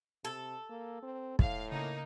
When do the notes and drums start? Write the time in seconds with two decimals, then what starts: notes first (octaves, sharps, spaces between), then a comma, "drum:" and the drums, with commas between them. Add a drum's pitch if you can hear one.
0.25 C3 A4
0.69 A#3
1.03 C4
1.39 A2 F5, drum: kick
1.72 C#3 A#3 D#4